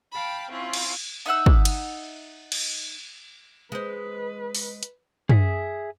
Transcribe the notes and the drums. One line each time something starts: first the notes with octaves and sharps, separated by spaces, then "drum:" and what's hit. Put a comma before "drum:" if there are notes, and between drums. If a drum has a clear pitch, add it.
F5 G5 A5 B5
C4 C#4 E4 F4
drum: cymbal
D#4 E5 F#5 E6
drum: kick
drum: cymbal
drum: cymbal
G#3 B4 C5
drum: open hi-hat
drum: hi-hat
G#4 E5 D#6, drum: tom